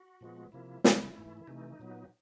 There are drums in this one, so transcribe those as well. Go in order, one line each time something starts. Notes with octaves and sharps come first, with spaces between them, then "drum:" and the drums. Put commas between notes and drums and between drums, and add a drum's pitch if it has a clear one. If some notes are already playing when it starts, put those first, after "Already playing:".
Already playing: F#4
A#2 F3 G#3 B3
C3 F3 A#3 E4
C3 E3 G3 E4, drum: snare
G#2 E3 A3
E4
C3 E3 A3 D#4
A#2 F#3 B3